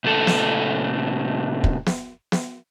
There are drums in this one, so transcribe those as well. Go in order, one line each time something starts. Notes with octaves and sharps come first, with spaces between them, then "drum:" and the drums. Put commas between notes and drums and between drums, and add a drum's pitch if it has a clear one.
A#2 C#3 A3 A4
drum: snare
drum: kick
drum: snare
drum: snare